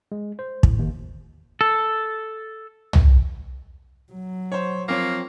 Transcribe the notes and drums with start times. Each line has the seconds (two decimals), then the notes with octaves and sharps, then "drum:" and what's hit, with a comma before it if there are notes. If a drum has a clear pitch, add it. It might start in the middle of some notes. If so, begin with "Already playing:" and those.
0.12 G#3
0.39 C5
0.63 A2, drum: kick
0.79 D#2
1.61 A4
2.93 drum: tom C2
4.13 F#3
4.52 C5 C#5
4.88 F3 A#3 C4 C#5